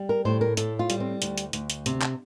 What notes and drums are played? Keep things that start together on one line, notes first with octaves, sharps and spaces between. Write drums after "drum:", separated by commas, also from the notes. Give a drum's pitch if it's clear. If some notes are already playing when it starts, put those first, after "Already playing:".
Already playing: G3
A#4
A2 C5
A#4
A2 A4, drum: hi-hat
F4
G3, drum: hi-hat
C4
D2, drum: hi-hat
drum: hi-hat
D2, drum: hi-hat
drum: hi-hat
C3, drum: hi-hat
drum: clap